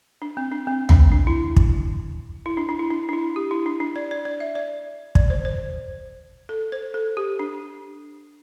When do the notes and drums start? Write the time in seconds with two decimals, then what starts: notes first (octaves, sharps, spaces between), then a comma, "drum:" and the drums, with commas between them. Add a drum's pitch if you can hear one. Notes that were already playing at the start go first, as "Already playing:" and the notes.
0.22 D4
0.37 C4
0.51 D4
0.67 C4
0.89 D4, drum: tom
1.12 D4
1.27 E4
1.56 drum: kick
2.46 E4
2.57 D4
2.69 D4
2.79 E4
2.90 D4
3.09 D4
3.13 E4
3.36 G4
3.51 E4
3.66 D4
3.80 D4
3.96 D5
4.11 D5
4.25 D5
4.40 E5
4.55 D5
5.15 D5, drum: kick
5.30 C5
5.45 C5
6.49 A4
6.72 C5
6.94 A4
7.17 G4
7.39 D4